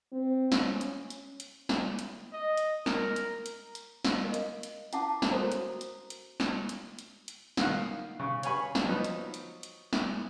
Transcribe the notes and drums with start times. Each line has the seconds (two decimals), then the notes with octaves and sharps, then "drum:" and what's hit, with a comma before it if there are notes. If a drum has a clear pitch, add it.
0.12 C4
0.52 drum: snare
0.66 C#4
0.81 drum: hi-hat
1.10 drum: hi-hat
1.40 drum: hi-hat
1.69 drum: snare
1.99 drum: hi-hat
2.33 D#5
2.57 drum: hi-hat
2.86 A#4, drum: snare
3.16 drum: hi-hat
3.46 drum: hi-hat
3.75 drum: hi-hat
4.05 drum: snare
4.24 A#4 D#5 F5
4.34 drum: hi-hat
4.63 drum: hi-hat
4.93 C#4 E4 F5 F#5 A5 D6, drum: hi-hat
5.22 drum: snare
5.31 F#4 A4 A#4 C5 C#5 A#5
5.52 drum: hi-hat
5.81 drum: hi-hat
6.10 drum: hi-hat
6.40 drum: snare
6.69 drum: hi-hat
6.99 drum: hi-hat
7.28 drum: hi-hat
7.57 D#3 F5 F#5, drum: snare
8.20 C#3
8.43 C#5 F5 G#5 B5 C#6, drum: hi-hat
8.75 drum: snare
8.85 F3 F#3 B3 D#4
9.04 drum: hi-hat
9.34 drum: hi-hat
9.63 drum: hi-hat
9.93 drum: snare